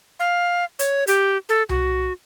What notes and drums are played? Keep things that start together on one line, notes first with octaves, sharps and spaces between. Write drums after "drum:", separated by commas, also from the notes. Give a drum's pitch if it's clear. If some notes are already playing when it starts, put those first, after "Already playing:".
F5
C#5, drum: hi-hat
G4, drum: hi-hat
A4
F#4, drum: tom C2